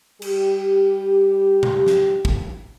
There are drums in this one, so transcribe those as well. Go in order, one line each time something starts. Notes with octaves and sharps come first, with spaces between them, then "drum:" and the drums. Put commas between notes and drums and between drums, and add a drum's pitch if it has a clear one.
G3 G4, drum: cymbal
drum: tom
drum: snare
drum: kick